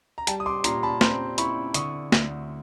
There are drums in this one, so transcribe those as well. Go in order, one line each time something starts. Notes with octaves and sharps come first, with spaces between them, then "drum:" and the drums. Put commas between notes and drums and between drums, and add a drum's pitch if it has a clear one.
A#5
G3 G5 A5, drum: hi-hat
D#6
C6 D6
A#2 A#5 C6, drum: hi-hat
A5 B5
C4 A#5 C6, drum: snare A3
E4 B5 C#6, drum: hi-hat
D3 C#6 D#6, drum: hi-hat
D2, drum: snare A3